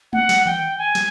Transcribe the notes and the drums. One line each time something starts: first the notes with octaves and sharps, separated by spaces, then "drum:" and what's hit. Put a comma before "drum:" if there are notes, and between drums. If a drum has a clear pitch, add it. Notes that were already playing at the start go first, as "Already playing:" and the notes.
F#5, drum: tom G#3
drum: snare
G5, drum: tom D#3
G#5
drum: snare